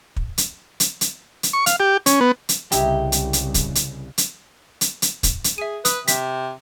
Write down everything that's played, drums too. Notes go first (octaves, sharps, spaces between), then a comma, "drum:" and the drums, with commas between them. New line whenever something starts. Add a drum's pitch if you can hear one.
drum: kick
drum: hi-hat
drum: hi-hat
drum: hi-hat
drum: hi-hat
C#6
F5, drum: hi-hat
G4
C#4, drum: hi-hat
B3
drum: hi-hat
C2 C#3 D#4 E4 G4 E5, drum: hi-hat
drum: hi-hat
drum: hi-hat
drum: kick, hi-hat
drum: hi-hat
drum: hi-hat
drum: hi-hat
drum: hi-hat
drum: kick, hi-hat
drum: hi-hat
G#4 E5 D#7
B4 D#6, drum: hi-hat
C3 B6, drum: hi-hat